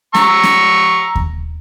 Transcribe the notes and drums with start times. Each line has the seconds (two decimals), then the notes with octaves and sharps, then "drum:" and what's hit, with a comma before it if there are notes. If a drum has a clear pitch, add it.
0.15 A#5 C#6 E6, drum: snare
0.43 drum: snare
1.15 drum: kick D#2